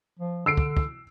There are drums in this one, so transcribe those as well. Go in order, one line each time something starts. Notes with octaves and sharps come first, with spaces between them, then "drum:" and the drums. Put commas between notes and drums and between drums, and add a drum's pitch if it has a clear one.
F3
D3 E6 C7 D7
drum: kick
drum: kick